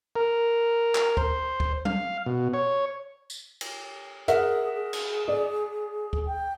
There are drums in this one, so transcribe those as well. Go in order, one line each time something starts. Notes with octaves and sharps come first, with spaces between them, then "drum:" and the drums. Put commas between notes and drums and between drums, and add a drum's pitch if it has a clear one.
A#4
drum: clap
C5, drum: kick D2
drum: kick D2
F5, drum: tom F#3
B2
C#5
drum: tambourine
drum: cymbal
G#4 A#4 E5 F#5, drum: hi-hat
G#4
drum: cymbal
D5
drum: kick D2
G5